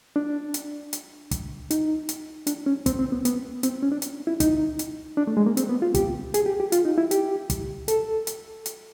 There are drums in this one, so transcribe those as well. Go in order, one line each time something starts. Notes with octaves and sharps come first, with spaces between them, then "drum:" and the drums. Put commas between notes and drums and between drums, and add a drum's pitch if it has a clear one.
D4
drum: hi-hat
drum: hi-hat
drum: kick, hi-hat
D#4, drum: hi-hat
drum: hi-hat
D4, drum: hi-hat
C#4
C4, drum: kick, hi-hat
C4
B3
B3, drum: hi-hat
C4, drum: hi-hat
C#4
D4
drum: hi-hat
E4
D#4, drum: kick, hi-hat
drum: hi-hat
D4
A3
G#3
A#3
C4, drum: hi-hat
B3
F4
G4, drum: kick, hi-hat
G#4, drum: hi-hat
G4
G4
F4, drum: hi-hat
D#4
E4
G4, drum: hi-hat
drum: kick, hi-hat
A4, drum: hi-hat
drum: hi-hat
drum: hi-hat